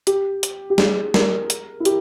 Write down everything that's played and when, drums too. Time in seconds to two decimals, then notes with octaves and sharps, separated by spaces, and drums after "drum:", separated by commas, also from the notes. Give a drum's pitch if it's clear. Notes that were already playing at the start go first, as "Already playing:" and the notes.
0.07 G4, drum: hi-hat
0.43 drum: hi-hat
0.70 G4
0.78 G#4, drum: snare
1.14 A#4, drum: snare
1.50 drum: hi-hat
1.80 E4
1.85 G4, drum: hi-hat